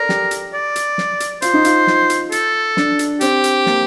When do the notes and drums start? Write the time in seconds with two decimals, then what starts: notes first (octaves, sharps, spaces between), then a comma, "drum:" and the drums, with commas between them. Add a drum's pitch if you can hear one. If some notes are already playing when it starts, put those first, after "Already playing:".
Already playing: A4 A#4 D5
0.09 G4, drum: snare
0.31 drum: hi-hat
0.53 D5
0.76 drum: hi-hat
0.98 drum: snare
1.20 drum: hi-hat
1.42 F4 C5, drum: hi-hat
1.54 D#4
1.65 F4, drum: hi-hat
1.87 drum: snare
2.10 drum: hi-hat
2.32 A4, drum: hi-hat
2.77 D4, drum: snare
2.99 drum: hi-hat
3.21 C4 G4, drum: hi-hat
3.44 drum: hi-hat
3.66 A#3, drum: snare